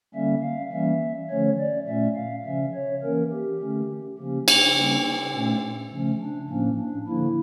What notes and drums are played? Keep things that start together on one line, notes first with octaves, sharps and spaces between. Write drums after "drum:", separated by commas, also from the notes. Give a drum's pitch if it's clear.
D3 G3 A#3 C#4 E5
F5
E3 G3 A#3 C#4 E5
D3 F3 A3 C#4 C#5
D5
A#2 A3 C#4 E5
F5
C#3 F3 C#4 E5
C#5
E3 A#3 C#4 A#4
G4
D3 A3 C#4
C#3 F3 A#3 C#4 G4
D4, drum: cymbal
C#3 G3 A#3 C#4
A#2 A3 C#4
C#3 F3 A3 C#4
D4
A2 F3 A#3 C#4
D4
D3 F3 A#3 E4